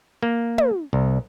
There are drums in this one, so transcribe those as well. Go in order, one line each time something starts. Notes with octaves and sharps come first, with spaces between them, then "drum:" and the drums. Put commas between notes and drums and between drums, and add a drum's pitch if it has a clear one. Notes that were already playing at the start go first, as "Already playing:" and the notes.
A#3
drum: tom
C2